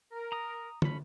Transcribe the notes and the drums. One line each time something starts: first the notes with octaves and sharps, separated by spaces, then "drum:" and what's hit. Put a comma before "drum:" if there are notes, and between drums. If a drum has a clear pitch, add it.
A#4
A#5 D#6
A3 C#4 B5, drum: tom